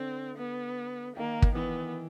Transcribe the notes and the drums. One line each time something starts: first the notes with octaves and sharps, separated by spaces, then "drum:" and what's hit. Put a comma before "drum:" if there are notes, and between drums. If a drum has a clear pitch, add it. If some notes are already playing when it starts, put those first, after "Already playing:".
Already playing: D3 C4
B3
D#3 A#3
drum: kick
E3 B3